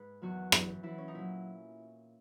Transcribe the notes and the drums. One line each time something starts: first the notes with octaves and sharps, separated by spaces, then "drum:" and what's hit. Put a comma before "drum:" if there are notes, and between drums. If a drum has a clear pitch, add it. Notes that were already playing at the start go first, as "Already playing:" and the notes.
Already playing: G#2 B4
E2 D#3 F#3 F#4
F#2 E3, drum: rim click
F#2 E3 E4
C#4
D#4
A#2 F#3 E4